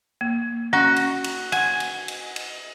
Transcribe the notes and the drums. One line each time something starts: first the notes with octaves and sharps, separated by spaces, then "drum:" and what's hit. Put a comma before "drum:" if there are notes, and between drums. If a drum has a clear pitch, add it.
A#3
C#4 F#4 C#6
drum: cymbal
drum: cymbal
F#5 G#5, drum: cymbal
drum: cymbal
drum: cymbal
drum: cymbal